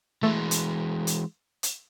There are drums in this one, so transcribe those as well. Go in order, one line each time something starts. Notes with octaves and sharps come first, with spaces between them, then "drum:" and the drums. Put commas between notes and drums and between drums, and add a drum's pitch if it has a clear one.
E3 G#3 A3
drum: hi-hat
drum: hi-hat
drum: hi-hat